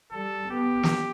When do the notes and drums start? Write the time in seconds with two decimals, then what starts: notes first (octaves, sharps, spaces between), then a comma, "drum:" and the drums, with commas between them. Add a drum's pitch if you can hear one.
0.11 G3 A4
0.51 B3 G4
0.83 drum: snare